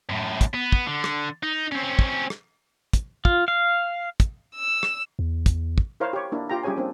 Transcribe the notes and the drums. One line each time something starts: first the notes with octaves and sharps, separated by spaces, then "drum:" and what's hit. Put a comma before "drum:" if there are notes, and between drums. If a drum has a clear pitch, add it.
F#2 A2
drum: kick, hi-hat
B3
drum: kick
D3
drum: rim click
D#4
C4 C#4
drum: kick
drum: rim click
drum: kick, hi-hat
F4, drum: kick
F5
drum: kick, hi-hat
E6
drum: rim click
E2
drum: kick, hi-hat
drum: kick
E4 A#4 C5 C#5 F5
G4 C#5
A#3 D4 E4
F4 G4 G5 A#5
G3 C#4 G4 G#4 C#5 G#5
A#3 C4 D4